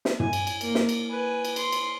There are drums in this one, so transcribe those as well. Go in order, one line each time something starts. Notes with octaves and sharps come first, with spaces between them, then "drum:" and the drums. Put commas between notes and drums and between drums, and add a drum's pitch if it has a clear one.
drum: snare
G#5, drum: tom
drum: cymbal
drum: cymbal
A#3, drum: cymbal
drum: snare
drum: cymbal
B4 G#5
drum: cymbal
C6, drum: cymbal
drum: cymbal